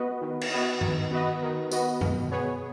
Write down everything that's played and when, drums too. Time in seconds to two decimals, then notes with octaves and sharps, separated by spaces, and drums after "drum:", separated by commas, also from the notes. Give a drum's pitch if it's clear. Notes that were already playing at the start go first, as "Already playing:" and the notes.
Already playing: B3 F#4 B4 D#5
0.21 D#3
0.41 drum: cymbal
0.51 B3 F#4 B4 D#5
0.81 D#3, drum: tom G2
1.11 B3 F#4 B4 D#5
1.42 D#3
1.71 B3 F#4 B4 D#5, drum: tambourine
2.01 B2, drum: tom F#2
2.31 B3 G#4 C#5